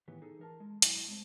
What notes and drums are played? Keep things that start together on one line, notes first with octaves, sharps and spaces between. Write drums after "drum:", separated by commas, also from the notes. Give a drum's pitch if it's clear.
A2 D#3 E3 B3 G4
D#4 G#4 A4
E3 A#4 A5
G#3
B1 F#2 F#3 E4 D#5, drum: hi-hat
G#3 A3 C4